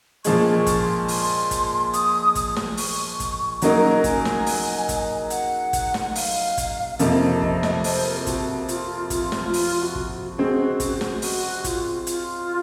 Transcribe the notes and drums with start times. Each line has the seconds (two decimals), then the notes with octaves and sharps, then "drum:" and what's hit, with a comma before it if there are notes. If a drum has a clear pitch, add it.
0.24 A#2 F3 G#3 C#6, drum: hi-hat
0.52 C#6
0.66 drum: kick, hi-hat
0.80 C6
1.08 C6, drum: open hi-hat
1.51 drum: kick, hi-hat
1.93 D#6, drum: hi-hat
2.35 drum: kick, hi-hat
2.56 drum: snare
2.77 C#6, drum: open hi-hat
3.20 drum: kick, hi-hat
3.62 C#3 F#3 A#3 D#4 A#4 A#5, drum: hi-hat
4.04 G#5, drum: kick, hi-hat
4.25 drum: snare
4.46 drum: open hi-hat
4.89 drum: kick, hi-hat
5.30 F#5, drum: hi-hat
5.73 drum: kick, hi-hat
5.94 drum: snare
6.15 F5, drum: open hi-hat
6.58 drum: kick, hi-hat
6.99 F2 C3 F3 A#3 D#5, drum: hi-hat
7.42 drum: kick
7.63 drum: snare
7.84 C5, drum: open hi-hat
8.05 A#4
8.17 F4
8.26 F#4, drum: kick, hi-hat
8.69 F4, drum: hi-hat
9.10 F4, drum: kick, hi-hat
9.32 drum: snare
9.53 F4, drum: open hi-hat
9.76 F4
9.82 F#4
9.95 drum: kick
10.37 C#3 G#3 C4 F#4
10.80 drum: kick, hi-hat
11.01 drum: snare
11.22 F#4, drum: open hi-hat
11.64 F4, drum: kick, hi-hat
12.07 F4, drum: hi-hat